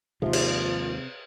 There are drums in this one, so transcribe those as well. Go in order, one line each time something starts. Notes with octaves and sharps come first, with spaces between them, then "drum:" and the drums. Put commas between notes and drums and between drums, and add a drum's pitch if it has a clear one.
D#2 G#2 C3 F3 F4
drum: cymbal